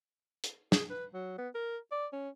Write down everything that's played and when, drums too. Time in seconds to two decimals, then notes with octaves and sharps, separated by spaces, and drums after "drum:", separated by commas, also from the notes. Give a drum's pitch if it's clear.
0.44 drum: hi-hat
0.72 G#4, drum: snare
0.90 B4
1.14 F#3
1.38 B3
1.55 A#4
1.92 D5
2.13 C#4